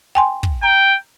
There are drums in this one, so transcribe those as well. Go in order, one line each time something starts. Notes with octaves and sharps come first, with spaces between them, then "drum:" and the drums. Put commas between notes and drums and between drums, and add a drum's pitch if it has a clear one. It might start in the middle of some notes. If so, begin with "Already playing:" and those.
G5 G#5 C6
drum: kick
G5 A#5